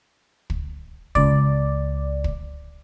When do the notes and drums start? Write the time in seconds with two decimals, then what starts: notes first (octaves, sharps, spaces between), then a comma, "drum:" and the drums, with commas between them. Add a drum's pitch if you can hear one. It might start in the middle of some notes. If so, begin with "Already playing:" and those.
0.50 drum: kick
1.15 C#2 D5, drum: kick
2.24 drum: kick